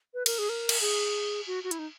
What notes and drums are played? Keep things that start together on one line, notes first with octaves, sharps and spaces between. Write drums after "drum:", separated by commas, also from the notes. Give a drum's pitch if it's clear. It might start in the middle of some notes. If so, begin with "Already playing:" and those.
B4
A#4, drum: cymbal
G#4
A#4
drum: cymbal
G#4
F#4
F#4
E4, drum: hi-hat
D#4